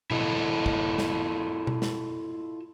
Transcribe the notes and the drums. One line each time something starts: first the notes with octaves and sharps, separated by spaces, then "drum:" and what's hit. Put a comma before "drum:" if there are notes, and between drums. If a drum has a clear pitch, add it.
E4 F4 A4 D#5, drum: tom B2
drum: kick
drum: snare
drum: tom B2
drum: snare